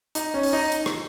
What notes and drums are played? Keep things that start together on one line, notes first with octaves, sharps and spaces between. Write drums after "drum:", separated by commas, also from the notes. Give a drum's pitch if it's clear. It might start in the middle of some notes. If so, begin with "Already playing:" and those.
D#4, drum: hi-hat
C#4
drum: open hi-hat
D#4
drum: hi-hat
drum: rim click